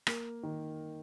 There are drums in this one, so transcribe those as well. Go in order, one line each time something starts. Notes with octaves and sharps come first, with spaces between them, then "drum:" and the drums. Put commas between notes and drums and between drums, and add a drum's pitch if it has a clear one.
A#3, drum: rim click
D#3